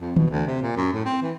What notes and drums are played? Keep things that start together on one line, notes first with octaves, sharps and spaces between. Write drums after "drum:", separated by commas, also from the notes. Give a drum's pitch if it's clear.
F2
B2, drum: tom D#3
D2
C3
A#2
F#2
A2
C4
E3